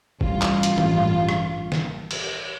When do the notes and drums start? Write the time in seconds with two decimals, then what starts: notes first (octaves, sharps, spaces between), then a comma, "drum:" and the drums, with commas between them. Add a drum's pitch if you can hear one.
0.21 A1 G2 F4, drum: kick
0.42 drum: clap
0.63 drum: hi-hat
0.78 drum: tom E3
1.29 drum: rim click
1.72 drum: snare
2.11 drum: cymbal